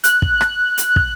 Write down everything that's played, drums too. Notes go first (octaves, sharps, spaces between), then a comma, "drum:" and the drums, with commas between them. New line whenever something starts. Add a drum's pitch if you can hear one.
F#6, drum: hi-hat
drum: kick
drum: rim click
drum: hi-hat
drum: kick